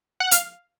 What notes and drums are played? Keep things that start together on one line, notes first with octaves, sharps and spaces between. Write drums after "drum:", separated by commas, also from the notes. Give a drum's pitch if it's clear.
F#5
F5, drum: hi-hat